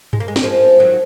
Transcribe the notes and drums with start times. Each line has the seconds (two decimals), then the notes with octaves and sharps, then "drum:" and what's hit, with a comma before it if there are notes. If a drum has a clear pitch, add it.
0.13 G#3, drum: tom G2
0.20 A#3
0.28 G#3
0.36 A#3, drum: snare
0.43 F3 G#3
0.79 D#3 F#3